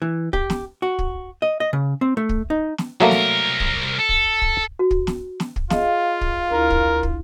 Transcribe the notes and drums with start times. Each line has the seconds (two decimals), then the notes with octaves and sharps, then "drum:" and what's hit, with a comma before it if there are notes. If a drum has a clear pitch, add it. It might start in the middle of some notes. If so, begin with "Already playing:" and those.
0.02 E3
0.33 G4, drum: kick
0.50 drum: snare
0.82 F#4
0.99 drum: kick
1.42 D#5
1.60 D#5
1.73 C#3
2.01 C4
2.17 A3
2.29 drum: kick
2.50 D#4
2.78 drum: snare
3.01 C2 F#3 A3 A#3 A#4
3.11 drum: snare
3.60 drum: kick
3.99 A4
4.09 drum: kick
4.42 drum: kick
4.79 F#4
4.91 drum: kick
5.07 drum: snare
5.40 drum: snare
5.56 drum: kick
5.70 F4 G#4 D#5 F5, drum: snare
6.21 drum: kick
6.51 D2 E4 A#4
6.70 drum: kick
7.03 drum: kick